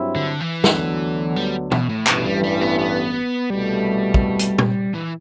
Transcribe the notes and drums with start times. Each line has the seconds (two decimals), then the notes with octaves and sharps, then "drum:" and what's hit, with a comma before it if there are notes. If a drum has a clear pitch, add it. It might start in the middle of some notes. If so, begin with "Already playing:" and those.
Already playing: G2 F#3 C4 E4
0.16 D3
0.40 E3
0.64 D2 D3 F#3 B3, drum: snare
1.36 G3
1.72 B2, drum: tom
1.89 A2
2.07 A1 G2 B2 E3, drum: clap
2.25 G3
2.43 G3
2.61 B3
2.79 B3
3.50 C2 B2 G3 A3
4.14 drum: kick
4.39 drum: hi-hat
4.58 drum: tom A#2
4.95 E3